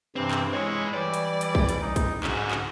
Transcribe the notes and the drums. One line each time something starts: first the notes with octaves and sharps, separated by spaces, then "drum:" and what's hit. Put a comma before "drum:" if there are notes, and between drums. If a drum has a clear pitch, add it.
G2 C3 E3 C4
drum: clap
G#2 G#3 E4 C#5
E3 G3 D5
drum: hi-hat
drum: hi-hat
drum: kick
drum: hi-hat
D#4
drum: kick, hi-hat
G#2 C#3 F#4, drum: clap
drum: clap